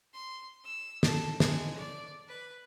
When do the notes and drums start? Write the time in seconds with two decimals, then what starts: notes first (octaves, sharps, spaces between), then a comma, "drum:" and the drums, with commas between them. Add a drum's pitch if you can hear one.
0.13 C6
0.64 E6
1.03 A4, drum: snare
1.40 G#3, drum: snare
1.78 D5
2.28 B4